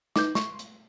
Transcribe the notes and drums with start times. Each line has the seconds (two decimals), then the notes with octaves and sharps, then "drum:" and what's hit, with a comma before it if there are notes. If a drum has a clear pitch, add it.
0.16 D#4 B4 D6 G6, drum: snare
0.35 C6 C#6, drum: snare
0.59 drum: hi-hat